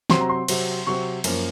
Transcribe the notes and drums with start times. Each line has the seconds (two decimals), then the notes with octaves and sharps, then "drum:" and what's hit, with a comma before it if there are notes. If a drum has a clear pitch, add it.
0.10 C3 F#3 C4 C6, drum: snare
0.21 A#5
0.29 C6
0.48 C3 F#3 C4, drum: cymbal
0.87 C3 F#3 C4 C#6
1.24 F#2 F3 A#3, drum: cymbal